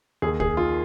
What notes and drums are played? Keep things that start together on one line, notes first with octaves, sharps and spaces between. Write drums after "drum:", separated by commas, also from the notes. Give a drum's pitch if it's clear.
D#2 G#4
G#4, drum: kick C2
D#3 F4